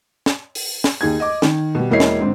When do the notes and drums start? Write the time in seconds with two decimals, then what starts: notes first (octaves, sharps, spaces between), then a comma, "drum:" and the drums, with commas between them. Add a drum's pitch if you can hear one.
0.26 drum: snare
0.55 drum: open hi-hat
0.84 drum: snare
1.01 D#2 D#4 G#4 G#6
1.20 D#5 D6
1.42 D#3, drum: snare
1.75 B2 G3
1.91 E1 A#3 E4 C#5 D#5 C7
2.00 drum: snare
2.20 G#2 D3 C4